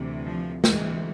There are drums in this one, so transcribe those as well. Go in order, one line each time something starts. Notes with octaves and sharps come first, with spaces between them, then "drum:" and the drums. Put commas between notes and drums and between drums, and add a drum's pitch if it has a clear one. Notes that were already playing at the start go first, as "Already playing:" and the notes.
Already playing: D2 C3 E3
F3
D2 C3 E3 G#3, drum: snare